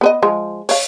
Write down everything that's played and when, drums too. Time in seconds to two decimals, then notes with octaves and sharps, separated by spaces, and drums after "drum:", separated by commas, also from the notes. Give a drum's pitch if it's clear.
0.01 B3 B4 D#5
0.22 F3 G#3
0.69 C#5 F5, drum: open hi-hat